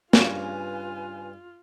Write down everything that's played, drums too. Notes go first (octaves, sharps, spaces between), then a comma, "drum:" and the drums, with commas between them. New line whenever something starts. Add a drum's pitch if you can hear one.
G2 C#3 F4 B4 G#5, drum: snare